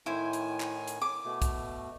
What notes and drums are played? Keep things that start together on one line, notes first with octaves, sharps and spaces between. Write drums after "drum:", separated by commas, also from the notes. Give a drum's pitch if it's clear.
A2 D#3 E4 C5 G#5
drum: hi-hat
drum: clap
drum: hi-hat
D6
B2 A3
drum: kick, hi-hat